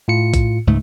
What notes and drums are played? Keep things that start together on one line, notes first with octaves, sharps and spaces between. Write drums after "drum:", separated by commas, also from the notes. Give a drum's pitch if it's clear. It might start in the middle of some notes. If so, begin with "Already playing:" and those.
A2 F4 C#7
drum: kick A#1, hi-hat
C#2 G#2 A3